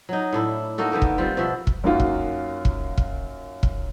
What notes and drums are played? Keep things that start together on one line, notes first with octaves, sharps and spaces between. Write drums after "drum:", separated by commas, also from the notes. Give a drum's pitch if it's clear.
F#3 D#4
A2 D4 E4
A#3 D#4 F#4 A4
D3 D#3 A#3 B3
drum: kick
G3 C4 F4
B2 F3 F#4 E5
drum: kick
F#2 A#3 D#4 F4 F#4
drum: kick
drum: kick
drum: kick
drum: kick